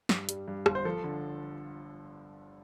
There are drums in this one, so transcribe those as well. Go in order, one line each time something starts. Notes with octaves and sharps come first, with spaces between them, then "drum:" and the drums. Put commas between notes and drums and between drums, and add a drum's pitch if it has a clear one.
G2, drum: snare
G3, drum: hi-hat
G2
G1, drum: rim click
C5
F3 A4
D3